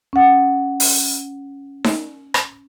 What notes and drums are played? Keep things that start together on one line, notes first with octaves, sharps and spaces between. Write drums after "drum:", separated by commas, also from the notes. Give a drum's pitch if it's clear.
C#4 F#5
drum: open hi-hat
drum: snare D#4
drum: rim click